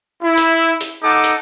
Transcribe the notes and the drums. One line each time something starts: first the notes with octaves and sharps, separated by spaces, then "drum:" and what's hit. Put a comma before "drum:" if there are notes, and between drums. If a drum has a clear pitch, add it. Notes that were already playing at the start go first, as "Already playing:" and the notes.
E4
drum: hi-hat
drum: hi-hat
D#4 A4 F#5 D6
drum: hi-hat